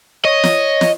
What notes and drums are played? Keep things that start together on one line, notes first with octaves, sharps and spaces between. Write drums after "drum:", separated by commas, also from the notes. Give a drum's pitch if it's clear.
C#5 D#5
drum: snare
drum: snare